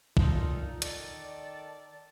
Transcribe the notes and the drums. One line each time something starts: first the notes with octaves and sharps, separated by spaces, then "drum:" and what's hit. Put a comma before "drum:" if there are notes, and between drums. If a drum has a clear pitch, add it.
A#2 D#4 F4 A4, drum: kick
D#3 A4 D5, drum: hi-hat